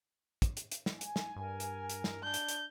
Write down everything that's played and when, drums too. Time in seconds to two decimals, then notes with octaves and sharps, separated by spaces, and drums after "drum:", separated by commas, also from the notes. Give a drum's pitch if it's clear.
0.42 drum: kick, hi-hat
0.57 drum: hi-hat
0.72 drum: hi-hat
0.86 drum: snare
1.01 G#5, drum: hi-hat
1.16 drum: snare
1.36 G2 A#4
1.60 drum: hi-hat
1.90 drum: hi-hat
2.04 drum: snare
2.23 D4 G6
2.34 drum: hi-hat
2.49 drum: hi-hat